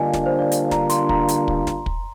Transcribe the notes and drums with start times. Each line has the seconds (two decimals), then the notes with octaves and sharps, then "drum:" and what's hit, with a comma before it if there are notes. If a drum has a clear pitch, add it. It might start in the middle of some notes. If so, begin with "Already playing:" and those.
Already playing: D3 G3 A#3 D4 F4 D#5 F5 G#5
0.13 D5, drum: snare
0.26 C5
0.39 D5
0.52 drum: hi-hat
0.71 A#5, drum: snare
0.90 C6, drum: hi-hat
1.09 A#5, drum: kick
1.28 drum: hi-hat
1.48 drum: kick
1.67 drum: snare
1.86 drum: kick